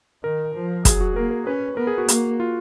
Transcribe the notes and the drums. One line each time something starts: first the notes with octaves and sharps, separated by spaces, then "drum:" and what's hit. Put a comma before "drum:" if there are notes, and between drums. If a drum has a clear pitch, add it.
D#3 A#4
F3
F#3 G#4, drum: kick, hi-hat
F#4
A#3 A#4
A#4
C#4 B4
B3 A#4
G#4
F#4
A#3, drum: hi-hat
F4